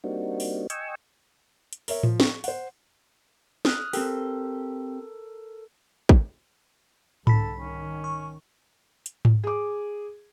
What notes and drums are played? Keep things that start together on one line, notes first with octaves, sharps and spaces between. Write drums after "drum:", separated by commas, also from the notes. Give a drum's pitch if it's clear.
G3 A#3 C4 D4 D#4 F#4
drum: open hi-hat
D#5 G5 G#5 C#6 E6, drum: hi-hat
drum: hi-hat
A#4 C#5 E5, drum: open hi-hat
F3, drum: tom A2
C#6, drum: snare
C5 F#5, drum: open hi-hat
D#6 F6 F#6, drum: snare
C4 G4 A4 A#4, drum: open hi-hat
drum: kick
C2 G#2 D3 A4 B5 B6, drum: tom G#2
D#3 C#4
C#6
drum: hi-hat
drum: tom G#2
G#4 D6